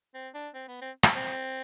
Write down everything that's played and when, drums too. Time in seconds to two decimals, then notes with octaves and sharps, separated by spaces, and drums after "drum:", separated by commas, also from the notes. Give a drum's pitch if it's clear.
0.14 C4
0.34 D4
0.54 C4
0.68 B3
0.82 C4
1.03 drum: rim click
1.16 C4